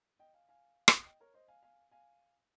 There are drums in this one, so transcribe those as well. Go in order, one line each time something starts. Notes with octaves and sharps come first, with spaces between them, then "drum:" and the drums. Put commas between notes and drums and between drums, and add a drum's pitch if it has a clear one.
D#5 G5
F5 G#5
F5 G#5
drum: rim click
D#5 G5
A#4 C#5
C5 D#5
F5 G#5
F5 G#5
F5 G#5